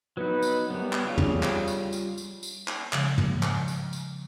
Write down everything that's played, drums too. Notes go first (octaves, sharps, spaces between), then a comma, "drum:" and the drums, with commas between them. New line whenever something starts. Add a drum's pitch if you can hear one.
F#3 B3 D#4 B4
drum: tambourine
F#2 G3 B3
drum: clap
C#3 G3 F4
drum: tom
drum: clap
drum: tambourine
drum: tambourine
drum: tambourine
drum: tambourine
drum: clap
C#3 F3 G#3, drum: clap
drum: tom
drum: clap
drum: tambourine
drum: tambourine